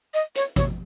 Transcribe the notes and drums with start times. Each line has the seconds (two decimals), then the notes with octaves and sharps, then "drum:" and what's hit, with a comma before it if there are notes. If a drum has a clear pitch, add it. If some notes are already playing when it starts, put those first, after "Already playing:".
0.14 D#5
0.35 C#5, drum: hi-hat
0.56 C#5, drum: kick, hi-hat